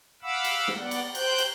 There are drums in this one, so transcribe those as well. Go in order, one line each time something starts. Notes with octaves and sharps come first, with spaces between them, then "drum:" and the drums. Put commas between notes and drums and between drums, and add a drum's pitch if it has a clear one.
F5 F#5 B5 D6 E6
drum: cymbal
drum: snare
B3 D5 F#5
drum: cymbal
C5 G5 F#6 G6, drum: cymbal
drum: cymbal